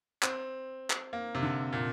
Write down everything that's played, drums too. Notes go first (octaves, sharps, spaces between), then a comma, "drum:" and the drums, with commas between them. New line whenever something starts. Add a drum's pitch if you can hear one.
C4, drum: clap
drum: clap
A#3
C3
D3
A#2